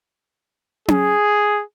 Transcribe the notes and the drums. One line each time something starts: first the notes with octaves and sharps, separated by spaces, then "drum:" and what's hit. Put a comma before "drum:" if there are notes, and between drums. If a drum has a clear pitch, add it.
G#4, drum: tom C#4